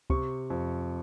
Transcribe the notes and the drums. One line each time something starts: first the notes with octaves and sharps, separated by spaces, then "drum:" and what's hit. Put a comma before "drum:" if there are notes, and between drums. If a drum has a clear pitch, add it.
C3 C#6, drum: kick C#2
F2